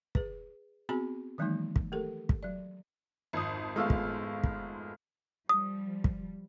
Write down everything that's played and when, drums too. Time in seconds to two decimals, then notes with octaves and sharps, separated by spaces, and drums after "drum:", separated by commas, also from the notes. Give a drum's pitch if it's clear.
0.15 G#4 B4, drum: kick
0.89 B3 C4 F#4 G#4 G#5 B5
1.38 D#3 E3 F#3 G#3 A#3 D#4
1.76 drum: kick
1.92 A3 G4 A4 A#4
2.29 drum: kick
2.43 F#3 D5
3.33 G#1 F2 D#6
3.76 G#3 A3 B3 F4 E5 F5
3.90 drum: kick
4.44 drum: kick
5.49 F3 G3 D#6
6.04 drum: kick